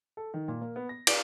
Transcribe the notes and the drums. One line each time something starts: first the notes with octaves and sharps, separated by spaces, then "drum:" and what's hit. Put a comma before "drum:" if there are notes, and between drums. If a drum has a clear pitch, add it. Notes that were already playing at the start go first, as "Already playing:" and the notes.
A4
D#3
A#2
A#3
B3
A#6
D5, drum: cymbal